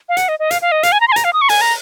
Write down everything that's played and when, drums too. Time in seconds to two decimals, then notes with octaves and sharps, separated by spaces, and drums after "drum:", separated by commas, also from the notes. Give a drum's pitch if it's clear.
0.09 F5
0.17 F#5, drum: hi-hat
0.29 D#5
0.39 D#5
0.51 F5, drum: hi-hat
0.62 F5
0.72 D#5
0.83 F5, drum: hi-hat
0.92 G#5
1.00 A#5
1.08 C6
1.12 G#5
1.16 A#5, drum: hi-hat
1.24 F5
1.33 D#6
1.41 C#6
1.49 G#5, drum: open hi-hat
1.61 A#5